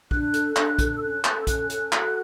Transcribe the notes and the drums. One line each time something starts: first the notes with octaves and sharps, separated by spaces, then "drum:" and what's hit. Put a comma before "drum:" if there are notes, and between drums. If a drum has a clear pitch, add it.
D4 F#6, drum: kick
A4, drum: hi-hat
D4, drum: clap
A4, drum: kick, hi-hat
E6
C#4 F#6
A4, drum: clap
E6
C#4 F#6, drum: kick, hi-hat
A4, drum: hi-hat
F#4, drum: clap